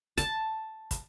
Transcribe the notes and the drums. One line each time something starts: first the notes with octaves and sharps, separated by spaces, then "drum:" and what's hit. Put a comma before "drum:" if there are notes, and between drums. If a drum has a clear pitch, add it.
A5, drum: kick, hi-hat
drum: kick, hi-hat